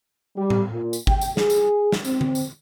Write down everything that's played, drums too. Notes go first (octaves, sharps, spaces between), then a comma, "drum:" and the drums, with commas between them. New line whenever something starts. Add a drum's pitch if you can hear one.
G3
drum: tom A2
A#2
drum: tambourine
G5, drum: kick
drum: tambourine
G#4, drum: snare
drum: tambourine
drum: snare
C4, drum: tambourine
drum: tom D3
drum: tambourine